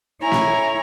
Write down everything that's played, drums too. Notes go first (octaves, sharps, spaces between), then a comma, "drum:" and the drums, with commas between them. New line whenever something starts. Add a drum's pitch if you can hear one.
E4 C#5 G#5 A#5
drum: snare